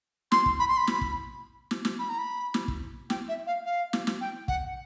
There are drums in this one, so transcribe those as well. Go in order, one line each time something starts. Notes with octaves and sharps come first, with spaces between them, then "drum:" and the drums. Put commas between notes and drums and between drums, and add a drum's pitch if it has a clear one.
C6, drum: snare
drum: kick
B5
C6
B5
drum: snare
drum: kick
drum: snare
drum: snare
B5
A#5
B5
drum: snare
drum: kick
G5, drum: snare
E5
F5
F5
drum: snare
drum: snare
G5
F#5, drum: kick